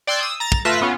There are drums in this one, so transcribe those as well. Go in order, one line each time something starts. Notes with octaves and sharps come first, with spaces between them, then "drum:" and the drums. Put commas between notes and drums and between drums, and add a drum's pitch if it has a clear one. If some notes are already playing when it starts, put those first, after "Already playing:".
D5 G5 C6 E6 F#6 G#6
D#6 E6
A#5 A6
drum: kick
A3 F4 B4 E5 A#6 C7
B3 C#4 F4